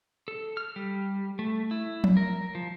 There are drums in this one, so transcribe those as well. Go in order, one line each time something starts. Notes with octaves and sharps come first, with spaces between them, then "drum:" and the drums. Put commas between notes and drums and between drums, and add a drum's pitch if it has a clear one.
A4
F6
G3
A3
E4
drum: tom F3
A#4
F3